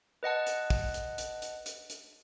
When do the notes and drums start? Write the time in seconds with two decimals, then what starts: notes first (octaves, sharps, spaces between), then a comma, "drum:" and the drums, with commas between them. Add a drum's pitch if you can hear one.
0.23 B4 D#5 F#5 A5
0.47 drum: hi-hat
0.70 drum: kick, open hi-hat
0.94 drum: hi-hat
1.18 drum: hi-hat
1.42 drum: hi-hat
1.66 drum: hi-hat
1.90 drum: hi-hat